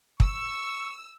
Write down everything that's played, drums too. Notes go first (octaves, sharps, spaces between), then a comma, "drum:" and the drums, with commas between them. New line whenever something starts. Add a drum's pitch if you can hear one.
C#6 E6, drum: kick